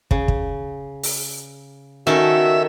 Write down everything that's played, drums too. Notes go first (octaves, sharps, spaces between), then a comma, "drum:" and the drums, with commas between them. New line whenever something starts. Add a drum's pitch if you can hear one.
C#3, drum: kick
drum: kick
drum: open hi-hat
D#3 C#4 F#4 A4 E5